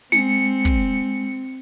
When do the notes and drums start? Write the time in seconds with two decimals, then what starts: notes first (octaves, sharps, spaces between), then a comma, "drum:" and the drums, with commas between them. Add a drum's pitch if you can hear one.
0.12 G#3 C4 C#7, drum: snare
0.65 drum: kick